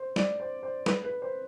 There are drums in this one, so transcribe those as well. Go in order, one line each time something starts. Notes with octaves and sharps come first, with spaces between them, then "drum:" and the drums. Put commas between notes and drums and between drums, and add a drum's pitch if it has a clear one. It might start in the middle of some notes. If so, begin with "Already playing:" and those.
Already playing: C5
D5, drum: snare
C5
C5
B4, drum: snare
B4
C5